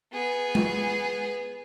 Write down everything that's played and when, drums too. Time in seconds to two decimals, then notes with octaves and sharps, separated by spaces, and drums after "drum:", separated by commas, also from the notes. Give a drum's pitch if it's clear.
0.12 B3 G#4
0.55 drum: tom G#3